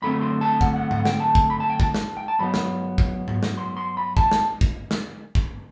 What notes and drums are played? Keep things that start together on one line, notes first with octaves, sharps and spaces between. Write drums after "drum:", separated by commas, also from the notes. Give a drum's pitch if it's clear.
F#2 D3 A3 C4 B5
C6
A5
F#5, drum: kick
F#5
F#5, drum: tom G#2
G5, drum: snare
A5
drum: kick
B5
A5
G5
A5, drum: kick
drum: snare
G5
A5
G2 F#3 B3 B5
drum: snare
drum: kick
drum: tom G#2
drum: snare
C6
C6
B5
A5, drum: kick
drum: snare
drum: kick
drum: snare
drum: kick